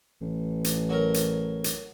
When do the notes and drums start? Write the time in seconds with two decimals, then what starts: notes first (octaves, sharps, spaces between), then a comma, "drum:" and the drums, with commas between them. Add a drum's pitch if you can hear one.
0.21 A1
0.64 drum: hi-hat
0.89 F#3 A#4
1.14 drum: hi-hat
1.64 drum: hi-hat